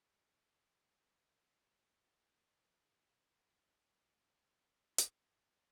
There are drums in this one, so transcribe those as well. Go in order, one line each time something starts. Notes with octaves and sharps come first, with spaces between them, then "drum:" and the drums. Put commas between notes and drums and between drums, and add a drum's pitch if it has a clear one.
A3
B3
A3
G#3
B3
E3
C3
B2
G#2
A2
drum: hi-hat